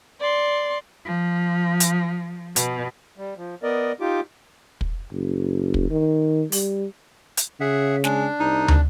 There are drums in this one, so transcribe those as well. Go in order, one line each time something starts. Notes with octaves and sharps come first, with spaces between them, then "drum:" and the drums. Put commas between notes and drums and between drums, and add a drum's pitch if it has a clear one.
D5 C6
F3
drum: hi-hat
B2, drum: hi-hat
G3
F3
B3 A#4 D5 D#5
D#4 F4 G4 D6
drum: kick
F#1
drum: kick
D#3
G3, drum: open hi-hat
drum: hi-hat
C#3 G#4 E5 F#5
G#3 D4, drum: snare
C2 D#4
drum: tom